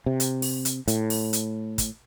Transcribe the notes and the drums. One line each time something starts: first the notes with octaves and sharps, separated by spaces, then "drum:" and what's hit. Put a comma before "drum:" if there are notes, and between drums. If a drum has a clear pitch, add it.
C3
drum: hi-hat
drum: open hi-hat
drum: hi-hat
A2, drum: hi-hat
drum: open hi-hat
drum: hi-hat
drum: kick, hi-hat